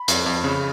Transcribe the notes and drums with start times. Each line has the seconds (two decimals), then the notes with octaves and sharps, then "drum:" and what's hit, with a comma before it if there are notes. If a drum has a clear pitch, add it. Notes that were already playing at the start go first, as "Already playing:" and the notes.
Already playing: B5
0.08 F2, drum: hi-hat
0.26 F2
0.44 C#3